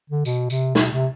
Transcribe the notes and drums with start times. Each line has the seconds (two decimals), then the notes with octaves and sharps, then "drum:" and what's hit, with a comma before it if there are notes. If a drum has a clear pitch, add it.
0.10 D3
0.25 B2, drum: tambourine
0.50 C3, drum: tambourine
0.75 B2, drum: snare
0.92 C3